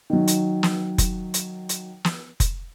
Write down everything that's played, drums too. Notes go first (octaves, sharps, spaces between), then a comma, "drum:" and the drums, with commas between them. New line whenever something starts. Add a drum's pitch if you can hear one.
D#3 F#3
drum: hi-hat
drum: snare
drum: kick F1, hi-hat
drum: hi-hat
drum: hi-hat
drum: snare
drum: kick F1, hi-hat